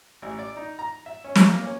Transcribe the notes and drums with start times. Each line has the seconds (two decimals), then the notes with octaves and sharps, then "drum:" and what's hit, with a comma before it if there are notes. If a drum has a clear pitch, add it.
0.22 A1
0.39 D5
0.57 D#4
0.79 A#5
1.06 E5
1.24 C#4
1.36 drum: snare
1.48 A#3
1.63 C#4